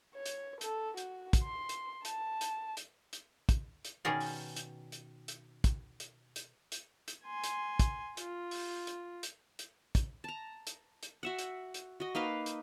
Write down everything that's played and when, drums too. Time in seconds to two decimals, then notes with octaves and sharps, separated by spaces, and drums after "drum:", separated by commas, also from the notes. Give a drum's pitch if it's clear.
0.14 C#5
0.26 drum: hi-hat
0.61 A4, drum: hi-hat
0.97 F#4, drum: hi-hat
1.33 drum: kick, hi-hat
1.43 C6
1.69 drum: hi-hat
2.05 A5, drum: hi-hat
2.41 drum: hi-hat
2.77 drum: hi-hat
3.13 drum: hi-hat
3.49 drum: kick, hi-hat
3.85 drum: hi-hat
4.05 B2 D#3 C#4 G#4 A#4 D5
4.20 drum: open hi-hat
4.56 drum: hi-hat
4.92 drum: hi-hat
5.28 drum: hi-hat
5.64 drum: kick, hi-hat
6.00 drum: hi-hat
6.36 drum: hi-hat
6.72 drum: hi-hat
7.08 drum: hi-hat
7.25 G#5 C6
7.44 drum: hi-hat
7.79 drum: kick, hi-hat
8.17 F4, drum: hi-hat
8.51 drum: open hi-hat
8.87 drum: hi-hat
9.23 drum: hi-hat
9.59 drum: hi-hat
9.95 drum: kick, hi-hat
10.24 A5 A#5
10.67 drum: hi-hat
11.03 drum: hi-hat
11.23 F#4 E5 F#5
11.38 drum: hi-hat
11.74 drum: hi-hat
12.00 F#4 D#5
12.15 A#3 D#4 B4 F5
12.46 drum: hi-hat